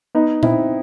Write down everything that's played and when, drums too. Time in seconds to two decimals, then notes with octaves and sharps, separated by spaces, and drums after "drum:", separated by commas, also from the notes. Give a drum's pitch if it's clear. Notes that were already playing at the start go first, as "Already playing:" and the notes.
0.15 B3 D#4
0.43 C4 E4, drum: tom A#2